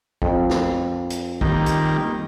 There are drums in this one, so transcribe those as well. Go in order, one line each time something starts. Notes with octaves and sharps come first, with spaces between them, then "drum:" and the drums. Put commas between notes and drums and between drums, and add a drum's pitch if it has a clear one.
F2, drum: kick
drum: snare
drum: hi-hat
D#3 G3 A#3, drum: kick
drum: hi-hat